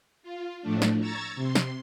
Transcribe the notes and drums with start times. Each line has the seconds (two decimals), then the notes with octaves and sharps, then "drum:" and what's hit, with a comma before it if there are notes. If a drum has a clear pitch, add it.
0.23 F4
0.62 A2 F3 A3 D4
0.82 drum: snare
1.00 A#5 C#6 E6 G#6 A6
1.36 C3 C6
1.55 drum: snare